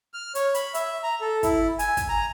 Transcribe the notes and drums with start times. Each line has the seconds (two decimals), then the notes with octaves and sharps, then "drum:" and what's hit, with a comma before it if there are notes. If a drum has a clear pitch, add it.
0.14 F6
0.35 C#5, drum: hi-hat
0.54 B5, drum: hi-hat
0.74 E5, drum: hi-hat
1.03 A#5
1.21 A4
1.43 E4, drum: kick, hi-hat
1.79 G#5, drum: hi-hat
1.97 drum: kick, hi-hat
2.09 A#5